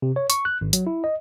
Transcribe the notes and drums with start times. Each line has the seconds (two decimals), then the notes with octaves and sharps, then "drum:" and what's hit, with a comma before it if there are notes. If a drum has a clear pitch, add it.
0.02 C3
0.16 C#5
0.30 C#6, drum: hi-hat
0.45 F#6
0.61 G#1
0.73 F#3, drum: hi-hat
0.87 E4
1.04 D#5